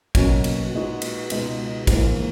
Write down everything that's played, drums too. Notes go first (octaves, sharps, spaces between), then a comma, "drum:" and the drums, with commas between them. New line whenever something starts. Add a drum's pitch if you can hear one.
B1 B2 F#3 A#3 C#4, drum: kick A1, cymbal
drum: cymbal
A#2 G#3 D#4 F#4
drum: cymbal
C#2 B2 G#3 D#4, drum: cymbal
A#1 G#2 E3 A#3, drum: kick A1, cymbal